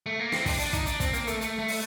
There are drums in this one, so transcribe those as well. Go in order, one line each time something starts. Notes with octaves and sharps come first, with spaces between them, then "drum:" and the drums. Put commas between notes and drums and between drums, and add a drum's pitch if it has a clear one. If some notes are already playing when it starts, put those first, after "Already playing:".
A3
A#3
C4, drum: snare
D4, drum: kick, open hi-hat
D4, drum: hi-hat
D#4, drum: kick, hi-hat
D4, drum: hi-hat
C4, drum: kick, hi-hat
A#3, drum: hi-hat
A3, drum: hi-hat
A3, drum: hi-hat
A3
drum: open hi-hat